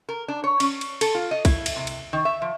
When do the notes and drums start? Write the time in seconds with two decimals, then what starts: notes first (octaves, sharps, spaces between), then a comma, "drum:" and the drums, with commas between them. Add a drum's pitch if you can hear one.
0.09 A#4
0.28 D4
0.44 C#5
0.60 C#4, drum: cymbal
0.81 drum: cymbal
1.01 A4, drum: cymbal
1.15 F4
1.31 D#5
1.45 E4, drum: kick, cymbal
1.66 drum: cymbal
1.76 C3
1.87 drum: cymbal
2.13 D#3
2.25 E5
2.42 F3